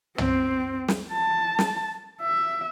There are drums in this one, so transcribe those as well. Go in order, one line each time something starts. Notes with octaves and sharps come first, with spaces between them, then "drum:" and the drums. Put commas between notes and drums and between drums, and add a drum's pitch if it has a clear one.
C4, drum: tom
drum: snare
A5
drum: snare
E5